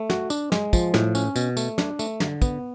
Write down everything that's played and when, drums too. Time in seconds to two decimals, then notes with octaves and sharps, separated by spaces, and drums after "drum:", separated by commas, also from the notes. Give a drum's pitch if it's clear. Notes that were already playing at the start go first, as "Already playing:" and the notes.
Already playing: A3
0.10 F#4, drum: snare
0.30 D4, drum: tambourine
0.52 G#3, drum: snare
0.73 F3, drum: kick, tambourine
0.94 A2, drum: snare
1.15 C#4, drum: tambourine
1.36 B2, drum: tambourine
1.57 A3, drum: tambourine
1.78 D4, drum: snare
1.99 A3, drum: tambourine
2.20 D3, drum: snare
2.42 B3, drum: kick, tambourine